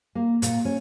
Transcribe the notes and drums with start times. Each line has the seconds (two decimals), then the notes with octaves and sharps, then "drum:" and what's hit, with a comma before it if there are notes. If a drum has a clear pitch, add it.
0.15 A#3
0.42 A#2, drum: hi-hat
0.65 C#4